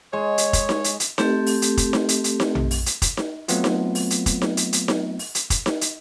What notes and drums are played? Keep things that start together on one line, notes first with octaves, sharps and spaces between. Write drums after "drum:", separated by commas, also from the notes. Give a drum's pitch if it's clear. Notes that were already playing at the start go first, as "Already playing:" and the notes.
G#3 C#5
drum: hi-hat
drum: kick, hi-hat
drum: snare D#4
drum: hi-hat
drum: hi-hat
A3 C4 G4 A4, drum: snare D#4
drum: open hi-hat
drum: hi-hat
drum: kick, hi-hat
drum: snare D#4
drum: hi-hat
drum: hi-hat
drum: snare D#4
drum: tom A#1
drum: open hi-hat
drum: hi-hat
drum: kick, hi-hat
drum: snare D#4
F#3 A3 B3 C4 F4, drum: hi-hat
drum: snare D#4
drum: open hi-hat
drum: hi-hat
drum: kick, hi-hat
drum: snare D#4
drum: hi-hat
drum: hi-hat
drum: snare D#4
drum: open hi-hat
drum: hi-hat
drum: kick, hi-hat
drum: snare D#4
drum: hi-hat